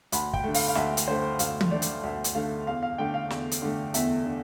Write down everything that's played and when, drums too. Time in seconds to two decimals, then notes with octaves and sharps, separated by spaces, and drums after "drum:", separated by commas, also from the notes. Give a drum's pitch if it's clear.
0.12 D2 B5, drum: hi-hat
0.34 G5, drum: kick
0.44 D3 A3
0.55 F5, drum: open hi-hat
0.68 F5
0.75 D2 E5, drum: snare
0.97 drum: hi-hat
1.08 D3 A3 C5
1.39 D2 F5, drum: hi-hat
1.61 drum: tom
1.71 D3 A3 D5
1.82 drum: hi-hat
2.04 D2 E5
2.24 drum: hi-hat
2.35 D3 A3 F5
2.67 E2 F5
2.83 F5
2.98 D3 A3 G5
3.14 F5
3.30 E2, drum: snare
3.51 drum: hi-hat
3.62 D3 A3
3.94 E2 E5, drum: hi-hat
4.26 D3